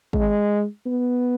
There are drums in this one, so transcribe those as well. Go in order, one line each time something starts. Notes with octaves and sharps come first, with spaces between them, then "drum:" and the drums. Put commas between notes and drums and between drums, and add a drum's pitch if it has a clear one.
G#3, drum: kick
B3